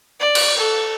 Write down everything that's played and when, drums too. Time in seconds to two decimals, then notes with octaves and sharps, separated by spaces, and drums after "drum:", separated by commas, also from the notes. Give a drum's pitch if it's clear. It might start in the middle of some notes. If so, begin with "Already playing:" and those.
0.20 D5
0.35 drum: cymbal
0.58 A4